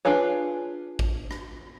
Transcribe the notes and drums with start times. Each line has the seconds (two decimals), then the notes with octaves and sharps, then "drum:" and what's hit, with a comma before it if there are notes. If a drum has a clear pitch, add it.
0.05 D4 F4 G#4 B4 C#5
0.99 drum: kick A1
1.31 drum: rim click